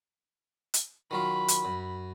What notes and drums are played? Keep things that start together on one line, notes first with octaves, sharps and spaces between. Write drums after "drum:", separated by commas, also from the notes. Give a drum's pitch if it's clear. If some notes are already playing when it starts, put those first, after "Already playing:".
drum: hi-hat
D#3 F#3 F4 B5
drum: hi-hat
F#2